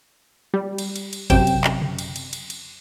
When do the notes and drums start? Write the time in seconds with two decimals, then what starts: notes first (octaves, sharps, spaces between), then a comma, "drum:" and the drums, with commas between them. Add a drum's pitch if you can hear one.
0.54 G3
0.78 drum: cymbal
0.96 drum: cymbal
1.13 drum: cymbal
1.30 F#2 C3 G5 E7, drum: kick G1, cymbal
1.47 drum: cymbal
1.64 drum: clap
1.81 drum: tom C#3
1.99 drum: cymbal
2.16 drum: cymbal
2.33 drum: cymbal
2.50 drum: cymbal